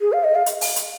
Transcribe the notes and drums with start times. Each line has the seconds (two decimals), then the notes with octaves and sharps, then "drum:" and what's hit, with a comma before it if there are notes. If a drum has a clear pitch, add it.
0.01 G#4
0.13 F5
0.24 D#5
0.35 F5
0.46 drum: hi-hat
0.61 drum: open hi-hat
0.76 drum: hi-hat